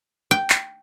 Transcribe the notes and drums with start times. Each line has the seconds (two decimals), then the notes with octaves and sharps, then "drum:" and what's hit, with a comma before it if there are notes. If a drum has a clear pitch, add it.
0.31 G5
0.50 drum: clap